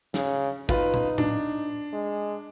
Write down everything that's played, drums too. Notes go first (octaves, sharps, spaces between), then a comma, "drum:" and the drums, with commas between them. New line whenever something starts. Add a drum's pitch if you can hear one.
C#3, drum: snare
D#4 F4 B4, drum: kick
drum: tom A#2
D4, drum: tom A2
G#3